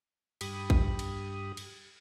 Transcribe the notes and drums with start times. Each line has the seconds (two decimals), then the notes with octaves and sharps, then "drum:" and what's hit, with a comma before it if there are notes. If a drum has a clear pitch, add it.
0.41 G2 G4 B5 D#6, drum: cymbal
0.70 drum: kick A1
0.99 drum: cymbal
1.57 drum: cymbal